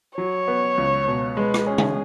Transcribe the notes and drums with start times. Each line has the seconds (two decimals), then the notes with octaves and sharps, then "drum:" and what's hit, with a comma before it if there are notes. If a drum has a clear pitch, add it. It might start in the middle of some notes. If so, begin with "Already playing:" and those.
0.18 F#3 C#5
0.48 B3
0.78 C#2
1.07 B2
1.37 G#3 B4
1.54 drum: rim click
1.67 C#4 G#4
1.78 drum: tom